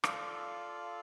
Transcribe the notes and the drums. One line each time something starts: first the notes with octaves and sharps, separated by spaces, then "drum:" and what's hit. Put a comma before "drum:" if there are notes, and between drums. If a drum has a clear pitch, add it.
F4 A4 D5 F5, drum: rim click